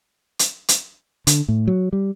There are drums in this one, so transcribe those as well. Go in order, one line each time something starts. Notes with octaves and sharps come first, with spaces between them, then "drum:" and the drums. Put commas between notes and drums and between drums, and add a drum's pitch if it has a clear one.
drum: hi-hat
drum: hi-hat
D3, drum: hi-hat
A2
F#3
G3